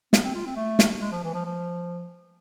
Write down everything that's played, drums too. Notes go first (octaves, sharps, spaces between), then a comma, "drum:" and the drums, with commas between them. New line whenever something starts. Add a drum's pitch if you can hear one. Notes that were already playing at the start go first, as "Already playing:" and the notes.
B3, drum: snare
C4
F4
C4
A3
drum: snare
G#3
F3
E3
F3
F3